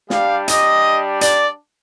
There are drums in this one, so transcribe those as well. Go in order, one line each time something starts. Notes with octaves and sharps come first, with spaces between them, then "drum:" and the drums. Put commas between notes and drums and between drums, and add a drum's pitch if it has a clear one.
G3 D4 G4 F5, drum: snare
D#5, drum: hi-hat
D5, drum: hi-hat